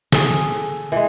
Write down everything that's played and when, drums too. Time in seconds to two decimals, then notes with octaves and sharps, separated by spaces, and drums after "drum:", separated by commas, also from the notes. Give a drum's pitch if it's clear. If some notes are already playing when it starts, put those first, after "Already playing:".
0.12 G#4 A4, drum: snare D3
0.92 E3 G#3